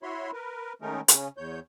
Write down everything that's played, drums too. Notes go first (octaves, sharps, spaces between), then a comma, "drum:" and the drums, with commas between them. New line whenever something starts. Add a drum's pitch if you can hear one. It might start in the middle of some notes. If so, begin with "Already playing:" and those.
E4 F#4 C#5 B5 C6
A#4 B4
D#3 G#3 A3 C#4 D#4 A#4
C#3 C#4, drum: hi-hat
E2 C#5 G6